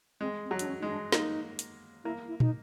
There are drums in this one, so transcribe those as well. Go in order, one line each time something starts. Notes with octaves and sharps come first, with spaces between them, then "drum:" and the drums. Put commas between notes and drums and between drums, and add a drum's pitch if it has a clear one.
G#3 C4
C4
F#3
D4, drum: hi-hat
C#4
G#3 D#4
D4
A#3 D#4, drum: snare
drum: hi-hat
A#3 E4
E4
D#4, drum: tom